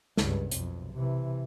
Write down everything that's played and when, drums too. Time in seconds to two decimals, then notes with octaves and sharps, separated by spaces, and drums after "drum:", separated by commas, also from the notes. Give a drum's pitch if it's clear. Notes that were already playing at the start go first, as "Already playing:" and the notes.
0.17 C#2 G2, drum: snare
0.51 B1 F2, drum: hi-hat
0.93 C3 E3